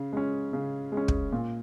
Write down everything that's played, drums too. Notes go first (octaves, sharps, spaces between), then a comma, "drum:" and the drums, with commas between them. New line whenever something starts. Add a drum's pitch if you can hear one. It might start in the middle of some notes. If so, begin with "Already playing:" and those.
Already playing: C#3
G#3 C#4
C#3
G#3
C#4
drum: kick
A#2